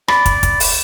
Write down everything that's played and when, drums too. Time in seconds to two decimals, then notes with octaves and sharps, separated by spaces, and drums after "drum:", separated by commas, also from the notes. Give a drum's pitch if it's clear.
0.08 D5 B5, drum: rim click
0.26 drum: kick, hi-hat
0.43 drum: kick, hi-hat
0.60 drum: open hi-hat